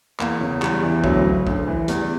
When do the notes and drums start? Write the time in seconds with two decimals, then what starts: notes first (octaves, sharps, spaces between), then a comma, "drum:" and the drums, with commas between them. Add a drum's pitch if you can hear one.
0.20 E2 A#3, drum: clap
0.41 C#3
0.62 E2 G3, drum: clap
0.83 E3
1.04 D2 F#3, drum: kick
1.25 C#3
1.47 D2, drum: kick
1.67 E3
1.88 E2 G3, drum: hi-hat